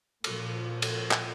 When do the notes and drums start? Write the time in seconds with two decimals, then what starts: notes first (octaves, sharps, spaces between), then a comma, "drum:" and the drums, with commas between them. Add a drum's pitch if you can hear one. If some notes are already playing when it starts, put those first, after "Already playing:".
0.24 A#2 F3, drum: cymbal
0.82 drum: cymbal
1.11 drum: clap